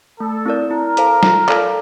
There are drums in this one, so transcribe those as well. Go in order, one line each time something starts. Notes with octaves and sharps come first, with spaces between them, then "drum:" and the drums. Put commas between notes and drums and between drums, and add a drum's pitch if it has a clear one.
A3 A4
C4 E4 A#4 D5
E4 A#4
A4 C5 F5 A5, drum: hi-hat
F4, drum: snare
A4 D5 F5 A5, drum: clap